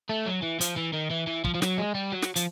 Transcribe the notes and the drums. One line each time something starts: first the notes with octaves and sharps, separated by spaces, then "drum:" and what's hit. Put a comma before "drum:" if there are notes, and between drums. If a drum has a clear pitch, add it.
A3
F#3
E3
F3, drum: hi-hat
E3
D#3
E3
E3
F3, drum: kick
F3
F#3, drum: snare
G#3
G3
F#3
drum: snare
F3, drum: hi-hat